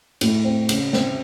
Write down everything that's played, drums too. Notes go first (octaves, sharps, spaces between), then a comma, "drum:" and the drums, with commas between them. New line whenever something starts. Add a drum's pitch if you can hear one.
A2, drum: cymbal
C4
C#3, drum: cymbal
C4, drum: snare